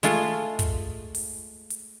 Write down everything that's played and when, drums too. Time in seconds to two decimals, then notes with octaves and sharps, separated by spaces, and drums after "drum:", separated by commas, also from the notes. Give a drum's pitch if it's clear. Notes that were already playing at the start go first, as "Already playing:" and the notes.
0.03 G#3 A3 F4, drum: hi-hat
0.59 drum: kick, hi-hat
1.15 drum: open hi-hat
1.70 drum: hi-hat